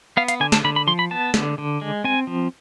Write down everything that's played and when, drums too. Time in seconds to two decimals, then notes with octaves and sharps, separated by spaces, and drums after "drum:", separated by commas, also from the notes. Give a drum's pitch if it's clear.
0.17 B3 F5
0.28 F5, drum: hi-hat
0.40 D3 G#5
0.52 A5, drum: snare
0.64 D3 B5
0.76 B5
0.87 F3 C6
0.99 B5
1.11 B3 A5
1.34 D3, drum: snare
1.58 D3
1.81 G#3
2.04 C4 G#5
2.27 F3